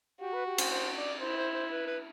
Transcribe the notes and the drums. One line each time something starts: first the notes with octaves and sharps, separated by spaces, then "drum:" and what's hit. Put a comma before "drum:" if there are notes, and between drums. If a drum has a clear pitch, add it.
F#4 G4
B4
G4
C5, drum: cymbal
C5
D5
E4 C5
C5
C5
B4
B4